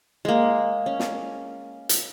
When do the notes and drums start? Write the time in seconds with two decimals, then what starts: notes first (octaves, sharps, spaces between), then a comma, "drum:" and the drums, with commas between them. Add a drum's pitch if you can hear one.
0.25 G#3 A#3
0.86 C#4
0.99 drum: snare
1.89 drum: hi-hat